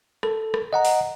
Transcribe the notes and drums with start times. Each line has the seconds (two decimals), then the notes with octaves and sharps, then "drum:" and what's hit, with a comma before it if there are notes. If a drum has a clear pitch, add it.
0.23 A4, drum: rim click
0.54 drum: rim click
0.73 D#5 F#5 A#5
0.85 drum: open hi-hat